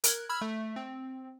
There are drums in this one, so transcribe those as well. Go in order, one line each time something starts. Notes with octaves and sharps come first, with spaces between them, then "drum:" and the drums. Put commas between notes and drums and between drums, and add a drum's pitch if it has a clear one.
A#4 F#6 G#6, drum: hi-hat
B5 E6 F6 G#6
A3
C4